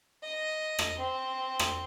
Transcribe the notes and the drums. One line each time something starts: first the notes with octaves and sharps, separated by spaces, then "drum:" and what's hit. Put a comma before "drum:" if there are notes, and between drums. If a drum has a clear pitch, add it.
D#5
drum: rim click
C4
drum: rim click